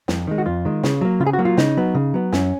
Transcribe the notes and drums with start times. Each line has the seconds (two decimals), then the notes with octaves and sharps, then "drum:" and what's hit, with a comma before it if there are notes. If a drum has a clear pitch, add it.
0.08 F2, drum: snare
0.27 D#3 G#3
0.38 F#4
0.46 F2 F4
0.65 D#3 G#3
0.83 C#3, drum: snare
1.01 F#3 A#3
1.20 C#3 F4
1.27 G#4
1.33 F#4
1.39 F#3 A#3
1.45 F4
1.57 C#3 D#4, drum: snare
1.77 F#3 B3
1.95 C#3
2.14 F#3 B3
2.32 F#2 C#4, drum: snare